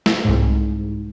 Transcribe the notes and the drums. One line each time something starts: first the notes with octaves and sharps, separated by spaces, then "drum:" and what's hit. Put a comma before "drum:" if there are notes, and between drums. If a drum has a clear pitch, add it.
drum: snare
C2 G#2